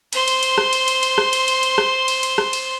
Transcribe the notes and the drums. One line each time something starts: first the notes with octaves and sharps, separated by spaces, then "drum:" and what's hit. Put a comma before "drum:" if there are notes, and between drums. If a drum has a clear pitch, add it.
C5 C6, drum: cymbal
drum: cymbal
drum: cymbal
drum: rim click
drum: cymbal
drum: cymbal
drum: cymbal
drum: rim click
drum: cymbal
drum: cymbal
drum: cymbal
drum: rim click
drum: cymbal
drum: cymbal
drum: rim click
drum: cymbal